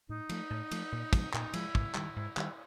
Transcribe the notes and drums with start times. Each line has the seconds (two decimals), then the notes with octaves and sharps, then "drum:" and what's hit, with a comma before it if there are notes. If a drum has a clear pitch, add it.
0.09 A2 D#4
0.29 F3 A3, drum: cymbal
0.50 A2
0.71 F3 A3, drum: cymbal
0.92 A#2
1.13 F3 G#3, drum: kick, cymbal
1.33 A#2 D#4, drum: clap
1.54 F3 G#3 E4, drum: cymbal
1.75 G#2, drum: kick
1.94 D#3 G3, drum: clap
2.16 G#2
2.37 D#3 G3, drum: clap